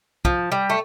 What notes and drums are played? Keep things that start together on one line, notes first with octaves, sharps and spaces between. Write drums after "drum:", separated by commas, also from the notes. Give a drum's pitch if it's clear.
F3, drum: kick
G3
A3